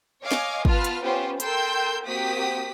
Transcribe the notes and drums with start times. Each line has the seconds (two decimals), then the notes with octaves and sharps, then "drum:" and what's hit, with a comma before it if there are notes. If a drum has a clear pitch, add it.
0.21 C#5 D#5 F5 G#5 D6
0.32 drum: snare
0.65 B3 F4 B4 A5 F6, drum: kick
0.84 drum: hi-hat
1.02 B3 C#4 F4 G4 B4 C5
1.40 A4 A#4 G5 C6 E6 G6, drum: hi-hat
2.03 A#3 C4 F#4 G4 D#6 B6